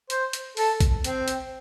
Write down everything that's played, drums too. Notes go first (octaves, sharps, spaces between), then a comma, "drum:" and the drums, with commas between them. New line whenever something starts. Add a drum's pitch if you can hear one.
C5, drum: hi-hat
drum: hi-hat
A4, drum: open hi-hat
drum: kick, hi-hat
C4, drum: hi-hat
drum: hi-hat